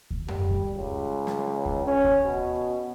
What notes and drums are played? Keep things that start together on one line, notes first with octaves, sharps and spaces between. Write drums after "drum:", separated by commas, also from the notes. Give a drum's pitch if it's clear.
drum: kick D2
G3, drum: tom F#2
drum: kick D2
C#2
drum: snare
drum: kick D2
C#4
drum: kick D2
B2